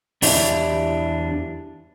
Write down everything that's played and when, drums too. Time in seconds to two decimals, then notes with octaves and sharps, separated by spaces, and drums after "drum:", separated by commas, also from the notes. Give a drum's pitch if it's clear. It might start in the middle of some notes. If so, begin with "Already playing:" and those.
0.22 E2 D4 E4 G4 E5, drum: open hi-hat